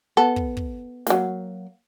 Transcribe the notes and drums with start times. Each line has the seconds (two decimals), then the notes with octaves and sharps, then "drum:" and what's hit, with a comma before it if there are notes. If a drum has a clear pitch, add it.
0.17 B3 A4
0.36 drum: kick
0.57 drum: kick
1.07 F#3 A#3, drum: snare